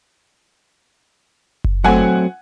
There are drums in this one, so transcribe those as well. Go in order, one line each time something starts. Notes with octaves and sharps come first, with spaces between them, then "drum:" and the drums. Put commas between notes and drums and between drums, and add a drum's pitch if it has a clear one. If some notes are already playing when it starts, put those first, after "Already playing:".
drum: kick F#1
F#3 A3 C4 F#5 G#5